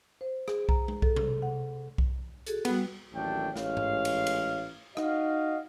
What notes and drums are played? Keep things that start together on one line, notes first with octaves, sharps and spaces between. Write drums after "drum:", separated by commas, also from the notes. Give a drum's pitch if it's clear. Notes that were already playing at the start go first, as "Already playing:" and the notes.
C5
G#4, drum: rim click
A#5, drum: kick B1
drum: tom G#3
A4, drum: kick B1
C3, drum: tom B2
F#5
drum: kick B1
F#4 G#4 A4, drum: hi-hat
G3 B3 F#4 B4, drum: cymbal
A1 D#2 F#3 A3 D4 G5
A1 G#3 C#5 F5, drum: snare
drum: tom G#2
drum: cymbal
drum: cymbal
D#4 F#4 D#5 F5, drum: rim click